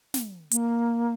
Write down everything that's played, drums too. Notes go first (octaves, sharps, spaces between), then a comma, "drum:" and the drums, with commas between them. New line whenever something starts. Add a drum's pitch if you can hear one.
drum: snare
A#3, drum: hi-hat